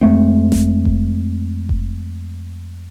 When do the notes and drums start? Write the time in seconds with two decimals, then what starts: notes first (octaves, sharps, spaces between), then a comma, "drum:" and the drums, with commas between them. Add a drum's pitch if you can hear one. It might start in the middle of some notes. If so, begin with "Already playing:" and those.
0.01 F2 G#3 A3 C4
0.52 drum: snare F#1
0.85 drum: kick F1
1.69 drum: kick F1